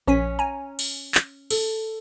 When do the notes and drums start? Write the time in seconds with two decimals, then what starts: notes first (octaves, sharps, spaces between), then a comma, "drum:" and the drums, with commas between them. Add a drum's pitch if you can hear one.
0.07 A#1 C#4 G#5 B6
0.39 G#5 A#5
0.79 drum: cymbal
1.15 drum: clap
1.51 A4, drum: cymbal